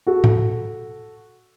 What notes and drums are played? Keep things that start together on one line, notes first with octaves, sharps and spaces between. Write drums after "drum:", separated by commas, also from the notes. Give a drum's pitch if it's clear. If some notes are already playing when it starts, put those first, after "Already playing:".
F#4 A4
drum: tom A2